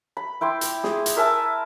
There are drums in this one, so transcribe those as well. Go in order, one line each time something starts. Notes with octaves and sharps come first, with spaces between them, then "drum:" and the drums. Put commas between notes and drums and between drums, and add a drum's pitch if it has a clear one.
B5
E4 G5 C6 D6
drum: hi-hat
G#4, drum: snare
drum: hi-hat
A#4 E5 G#5 A5